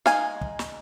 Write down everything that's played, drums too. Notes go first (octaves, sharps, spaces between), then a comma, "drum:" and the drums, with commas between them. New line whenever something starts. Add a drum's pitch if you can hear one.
G#3 D#4 F5 G#5, drum: snare
drum: kick
drum: snare